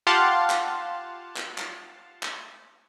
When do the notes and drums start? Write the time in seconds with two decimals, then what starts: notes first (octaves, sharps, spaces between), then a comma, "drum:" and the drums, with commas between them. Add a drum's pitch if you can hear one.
0.07 F4 G4 F5 F#5 A5 C6
0.50 drum: clap
1.36 drum: clap
1.58 drum: clap
2.23 drum: clap